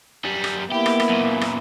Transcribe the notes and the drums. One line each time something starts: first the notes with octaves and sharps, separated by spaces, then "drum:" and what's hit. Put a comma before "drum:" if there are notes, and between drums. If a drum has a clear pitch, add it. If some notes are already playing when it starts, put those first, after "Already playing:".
F#2 G3
drum: rim click
A#3 B3 E4 G4
drum: rim click
drum: rim click
F#2 A#2
drum: rim click